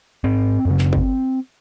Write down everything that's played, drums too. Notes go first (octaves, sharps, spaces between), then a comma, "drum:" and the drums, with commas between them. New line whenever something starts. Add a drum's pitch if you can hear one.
G#2 C4
F#2 C#3
drum: clap
drum: kick